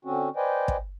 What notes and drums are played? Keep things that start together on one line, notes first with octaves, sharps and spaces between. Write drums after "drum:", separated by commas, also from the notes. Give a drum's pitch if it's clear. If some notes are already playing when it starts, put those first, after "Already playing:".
D3 C4 C#4 F#4
B4 C5 D5 D#5 G5 G#5
drum: kick